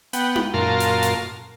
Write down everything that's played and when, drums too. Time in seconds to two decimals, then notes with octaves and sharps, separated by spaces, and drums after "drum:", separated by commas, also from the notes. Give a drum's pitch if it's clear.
0.13 B3 F#5 G5, drum: hi-hat
0.36 drum: tom D#4
0.54 F#2 A#2 F4 A#4 A5 C6
0.80 drum: hi-hat
1.03 drum: hi-hat